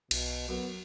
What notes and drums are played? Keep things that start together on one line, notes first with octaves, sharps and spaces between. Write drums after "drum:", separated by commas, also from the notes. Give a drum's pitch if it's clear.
B1 B2, drum: cymbal
F#2 B3